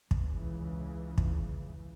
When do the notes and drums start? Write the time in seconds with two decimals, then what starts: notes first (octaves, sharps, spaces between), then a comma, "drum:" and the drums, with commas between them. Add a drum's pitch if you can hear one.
0.11 C#2 C#3 E3, drum: kick
1.18 drum: kick